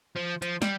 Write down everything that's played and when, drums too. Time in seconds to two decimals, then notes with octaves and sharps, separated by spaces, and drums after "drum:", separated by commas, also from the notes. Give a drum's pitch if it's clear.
0.16 F3
0.42 F3, drum: hi-hat
0.62 G3, drum: snare